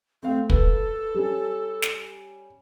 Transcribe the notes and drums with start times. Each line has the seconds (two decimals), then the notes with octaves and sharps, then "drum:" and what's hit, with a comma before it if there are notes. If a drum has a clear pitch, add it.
0.23 A3 C4 F5
0.50 A4 B4, drum: kick
1.14 G3 C#4
1.82 drum: snare